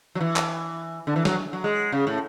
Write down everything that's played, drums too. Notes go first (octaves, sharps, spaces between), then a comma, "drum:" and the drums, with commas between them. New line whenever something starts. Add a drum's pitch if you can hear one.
F#3
E3
drum: clap
D3
E3
F#3, drum: snare
F#3
G#3
C#3
A2